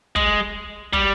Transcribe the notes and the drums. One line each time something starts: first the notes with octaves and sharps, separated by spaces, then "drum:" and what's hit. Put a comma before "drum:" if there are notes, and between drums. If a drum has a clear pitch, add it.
G#3, drum: kick
G3, drum: kick